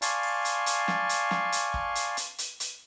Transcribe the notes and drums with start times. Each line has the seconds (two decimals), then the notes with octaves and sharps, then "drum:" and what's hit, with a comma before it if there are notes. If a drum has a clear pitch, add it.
0.02 D5 F5 G#5 A5 C6 C#6, drum: hi-hat
0.23 drum: open hi-hat
0.45 drum: hi-hat
0.66 drum: hi-hat
0.88 drum: snare
1.09 drum: hi-hat
1.31 drum: snare
1.52 drum: hi-hat
1.74 drum: kick
1.95 drum: hi-hat
2.17 drum: hi-hat
2.38 drum: hi-hat
2.60 drum: hi-hat